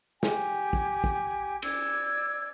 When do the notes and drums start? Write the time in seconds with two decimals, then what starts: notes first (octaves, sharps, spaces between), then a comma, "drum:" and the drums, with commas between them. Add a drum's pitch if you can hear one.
0.23 G4 G#5, drum: snare
0.73 drum: kick
1.04 drum: kick
1.62 D5 E6 G#6, drum: cymbal